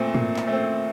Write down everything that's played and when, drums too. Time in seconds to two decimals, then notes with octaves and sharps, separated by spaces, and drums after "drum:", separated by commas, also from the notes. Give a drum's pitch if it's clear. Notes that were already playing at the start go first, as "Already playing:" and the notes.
Already playing: A#2 A3 C4
0.14 A#2, drum: tom
0.36 drum: clap
0.47 A3
0.52 C4